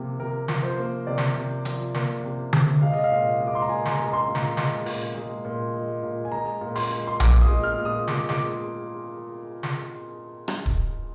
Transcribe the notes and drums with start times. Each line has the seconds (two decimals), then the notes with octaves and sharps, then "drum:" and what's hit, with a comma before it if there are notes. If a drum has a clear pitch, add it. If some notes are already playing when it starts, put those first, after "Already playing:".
Already playing: C3 F3 A#3
0.19 C3 A#4
0.48 F3, drum: snare
0.63 C5
0.78 A#3
1.07 C3 D5
1.18 drum: snare
1.36 C3
1.65 F3, drum: hi-hat
1.95 A#3, drum: snare
2.24 C3
2.53 C3, drum: tom D3
2.81 G#3 F5
2.93 D#5
3.04 F5
3.12 A#2
3.40 G#3
3.47 D6
3.55 C6
3.62 A#5
3.69 A#2 G#5
3.86 C6, drum: snare
3.91 A#5
3.99 G#3
4.06 A#5
4.13 C6
4.28 A#2
4.35 A#5, drum: snare
4.57 G#3, drum: snare
4.86 A#2, drum: open hi-hat
5.15 G#3
5.45 A#2
5.74 G#3
6.03 A#2
6.25 G#5
6.32 G#3 A#5
6.61 A#2
6.76 C6, drum: open hi-hat
6.91 G#3
7.08 C6
7.20 A#2 D6, drum: tom A#1
7.41 D#6
7.49 G#3
7.63 F6
7.78 A#2
7.85 D#6
8.08 G#3 D6, drum: snare
8.29 D6, drum: snare
9.63 drum: snare
10.48 drum: rim click
10.66 drum: kick